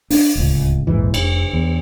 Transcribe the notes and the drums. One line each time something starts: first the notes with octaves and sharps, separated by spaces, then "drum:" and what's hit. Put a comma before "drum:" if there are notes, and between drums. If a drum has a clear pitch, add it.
D4, drum: open hi-hat
D1 C#2
A#1 E2 G#2 E3
F1, drum: cymbal
E2